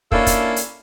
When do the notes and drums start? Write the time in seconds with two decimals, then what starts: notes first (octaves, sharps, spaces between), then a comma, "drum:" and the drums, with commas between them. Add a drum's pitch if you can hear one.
0.12 A#3 C#4 D4 E4 F4 A4, drum: kick
0.26 drum: kick, hi-hat
0.56 drum: hi-hat